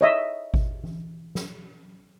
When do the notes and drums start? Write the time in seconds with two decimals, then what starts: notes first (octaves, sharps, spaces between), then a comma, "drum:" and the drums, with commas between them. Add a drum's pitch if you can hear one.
0.01 C#5 D#5 E5
0.54 drum: kick G#1
0.84 drum: tom E3
1.35 drum: snare